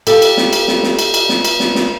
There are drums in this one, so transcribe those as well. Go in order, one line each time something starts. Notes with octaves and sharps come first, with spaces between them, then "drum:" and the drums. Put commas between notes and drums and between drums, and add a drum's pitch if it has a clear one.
G4 A4 F5 G#5, drum: cymbal
drum: cymbal
drum: snare
drum: cymbal
drum: snare
drum: snare
drum: cymbal
drum: cymbal
drum: snare
drum: cymbal
drum: snare
drum: snare